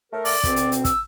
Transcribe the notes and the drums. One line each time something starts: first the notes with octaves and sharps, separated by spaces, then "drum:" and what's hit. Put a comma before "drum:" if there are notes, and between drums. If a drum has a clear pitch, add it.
A3 A#4
D5, drum: open hi-hat
D2 B2 C4, drum: kick, hi-hat
drum: hi-hat
drum: hi-hat
E6, drum: kick, hi-hat